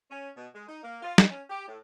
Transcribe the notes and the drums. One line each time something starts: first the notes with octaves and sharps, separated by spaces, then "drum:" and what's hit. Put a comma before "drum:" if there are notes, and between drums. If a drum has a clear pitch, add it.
C#4
B2
G#3
D#4
A#3
F4
D#4, drum: snare
C#4
G4
A2